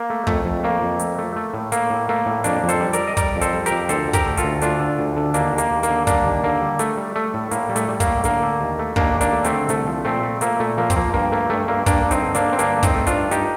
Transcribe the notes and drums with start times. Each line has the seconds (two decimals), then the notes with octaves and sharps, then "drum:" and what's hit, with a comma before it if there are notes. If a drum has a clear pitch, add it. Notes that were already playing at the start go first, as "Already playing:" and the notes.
Already playing: A#3
0.10 A3
0.27 F2 A3, drum: kick
0.45 F2
0.63 A3 A#3
0.82 F2
0.99 A3, drum: hi-hat
1.19 A3
1.36 A3
1.54 A2
1.72 A3 A#3, drum: hi-hat
1.90 A2
2.09 A3 A#3
2.26 A2
2.44 F2 A#3 D4, drum: hi-hat
2.63 F2
2.69 A4 C5, drum: hi-hat
2.81 G3
2.93 A#4 D5, drum: hi-hat
2.99 G3
3.07 D#5
3.17 G3 A#4 D5, drum: kick, hi-hat
3.36 F2
3.41 A4 C5, drum: hi-hat
3.53 G3
3.66 G4 A#4, drum: hi-hat
3.71 F2
3.89 D2 A4 C5, drum: hi-hat
4.08 D3
4.13 G4 A#4, drum: kick, hi-hat
4.26 A3
4.37 F4 A4, drum: hi-hat
4.43 D2
4.61 A3 D4 F4, drum: hi-hat
4.80 D3
4.99 D2
5.17 D3
5.34 D#2 A#3 D4, drum: hi-hat
5.53 D#2
5.58 A#3, drum: hi-hat
5.71 D#2
5.83 A#3, drum: hi-hat
5.89 D3
6.07 G3 A#3 D4, drum: kick, hi-hat
6.26 D#2
6.44 D3 A#3
6.61 G3
6.79 G3 A3, drum: hi-hat
6.97 G3
7.15 G3 A3
7.34 A2
7.51 A2 A#3, drum: hi-hat
7.69 G3
7.76 A3, drum: hi-hat
7.89 G3
8.00 A#3, drum: kick, hi-hat
8.07 A2
8.24 D3 A#3, drum: hi-hat
8.43 A3
8.61 D#2
8.79 A3
8.96 D#2 A#3 D4, drum: kick
9.14 D#2
9.21 A#3 D4, drum: hi-hat
9.33 A3
9.44 A3 C4, drum: hi-hat
9.52 D3
9.69 C2 A3, drum: hi-hat
9.87 F3
10.05 A#2 A3 C4
10.23 A3
10.41 A3 A#3, drum: hi-hat
10.60 A#2 A3
10.77 F3 A#3
10.90 C4, drum: kick, hi-hat
10.96 F3 A#3
11.14 G2 A#3
11.32 A3 A#3
11.50 G2 A3
11.68 G2 A#3
11.86 G2 A#3 D4, drum: kick, hi-hat
12.05 G2
12.11 C4 D#4, drum: hi-hat
12.22 D3
12.35 A#3 D4, drum: hi-hat
12.40 D3
12.52 C4
12.59 G2 A#3 D4, drum: hi-hat
12.76 A3
12.83 C4 D#4, drum: kick, hi-hat
12.95 A3
13.07 D4 F4, drum: hi-hat
13.13 G2
13.31 G2 D#4 G4, drum: hi-hat